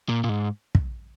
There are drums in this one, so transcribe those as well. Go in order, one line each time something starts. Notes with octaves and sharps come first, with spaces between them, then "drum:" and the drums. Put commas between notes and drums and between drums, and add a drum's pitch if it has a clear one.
A#2
A#2
G#2
drum: kick